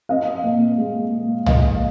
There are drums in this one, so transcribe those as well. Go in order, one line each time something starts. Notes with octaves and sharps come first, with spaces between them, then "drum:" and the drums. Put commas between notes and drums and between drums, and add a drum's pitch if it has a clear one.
C4 D#5 F5
A#2
G#3
A#2
G#3 D#5 F5, drum: tom